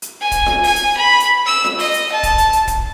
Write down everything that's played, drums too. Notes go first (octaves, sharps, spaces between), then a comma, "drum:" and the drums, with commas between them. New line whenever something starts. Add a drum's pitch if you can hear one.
drum: hi-hat
G#5
drum: kick, hi-hat
drum: snare F4
G#5, drum: open hi-hat
drum: hi-hat
B5
drum: hi-hat
E6
drum: snare F4
D#5, drum: open hi-hat
drum: hi-hat
A5
drum: kick, hi-hat
drum: hi-hat
drum: hi-hat
drum: kick, hi-hat